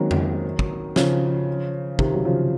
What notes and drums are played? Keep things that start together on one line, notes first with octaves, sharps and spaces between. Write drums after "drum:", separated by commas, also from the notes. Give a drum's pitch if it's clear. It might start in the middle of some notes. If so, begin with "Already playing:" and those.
Already playing: D#3 F#3 G#3 A#3 C4 C#4
drum: tom F2
drum: kick
C#3 F3, drum: snare
C3 D#3, drum: kick
F#3
C#3 F3